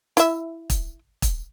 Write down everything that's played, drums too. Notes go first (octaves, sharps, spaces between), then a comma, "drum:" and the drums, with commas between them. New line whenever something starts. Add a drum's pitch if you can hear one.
E4 E5, drum: hi-hat
drum: kick, hi-hat
drum: kick, hi-hat